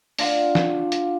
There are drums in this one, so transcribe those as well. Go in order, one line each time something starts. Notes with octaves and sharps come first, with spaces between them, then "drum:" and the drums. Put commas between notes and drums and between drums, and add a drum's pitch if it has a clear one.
D4 F4 F5 F#5, drum: open hi-hat
drum: snare
drum: hi-hat